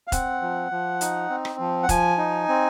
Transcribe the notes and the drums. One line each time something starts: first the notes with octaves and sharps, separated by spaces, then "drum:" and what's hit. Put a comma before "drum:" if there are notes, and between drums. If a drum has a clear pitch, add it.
F5
C4 F#5, drum: kick E1, hi-hat
F3
F3
D#4, drum: hi-hat
C4
drum: rim click
F3
F#5
F3 G#5, drum: kick E1, hi-hat
D#4
C4